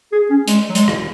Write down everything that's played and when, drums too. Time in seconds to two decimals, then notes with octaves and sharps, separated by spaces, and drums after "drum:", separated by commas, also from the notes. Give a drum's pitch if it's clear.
0.12 G#4
0.30 C#4
0.48 G#3, drum: hi-hat
0.69 F#3
0.75 G#3, drum: hi-hat
0.88 drum: rim click